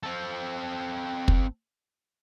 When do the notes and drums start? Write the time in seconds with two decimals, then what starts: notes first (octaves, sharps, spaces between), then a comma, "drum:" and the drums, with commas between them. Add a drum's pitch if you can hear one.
0.03 C4 A4
1.28 drum: kick